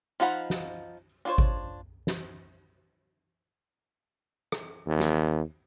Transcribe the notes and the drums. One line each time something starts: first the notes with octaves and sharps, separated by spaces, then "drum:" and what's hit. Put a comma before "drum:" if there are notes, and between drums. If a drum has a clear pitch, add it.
F3 D#4 F5 F#5 B5
drum: snare
D4 F4 A4 C5 C#5
drum: kick G#1
drum: snare
drum: rim click
D#2
drum: snare